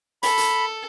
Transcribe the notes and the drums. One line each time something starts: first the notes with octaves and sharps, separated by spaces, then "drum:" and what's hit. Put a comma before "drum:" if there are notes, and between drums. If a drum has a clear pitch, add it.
A4 B5, drum: hi-hat
drum: hi-hat